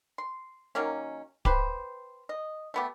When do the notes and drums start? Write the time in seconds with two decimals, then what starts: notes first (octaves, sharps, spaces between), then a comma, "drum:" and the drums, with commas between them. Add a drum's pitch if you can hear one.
0.18 C6
0.75 D#3 F#3 A#3 C#4
1.45 G4 B4 C5, drum: kick D1
2.29 D#5
2.74 A3 B3 G4